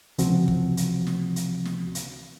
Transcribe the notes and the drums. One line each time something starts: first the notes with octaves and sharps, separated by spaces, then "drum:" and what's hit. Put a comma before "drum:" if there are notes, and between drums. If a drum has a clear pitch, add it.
C#2 C3 E3 F3 C4 F#4, drum: hi-hat
drum: kick
drum: hi-hat
drum: snare
drum: hi-hat
drum: snare
drum: hi-hat